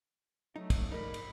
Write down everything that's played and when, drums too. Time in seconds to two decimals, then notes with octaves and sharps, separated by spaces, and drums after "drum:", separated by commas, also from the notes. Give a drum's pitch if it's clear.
0.56 F#3 A3 D#4
0.70 drum: kick, cymbal
0.91 F1 G#2 D#4 A#4 D5 B5
1.14 drum: cymbal